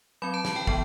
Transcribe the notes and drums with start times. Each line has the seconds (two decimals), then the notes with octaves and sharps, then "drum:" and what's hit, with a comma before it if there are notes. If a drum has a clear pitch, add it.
0.22 F#3 C4 B5
0.34 A5
0.45 A5, drum: snare
0.56 G5
0.67 E3 B3 G5, drum: kick